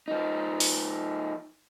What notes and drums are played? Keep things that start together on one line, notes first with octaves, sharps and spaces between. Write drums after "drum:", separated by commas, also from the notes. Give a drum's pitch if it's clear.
F3 D#4
drum: open hi-hat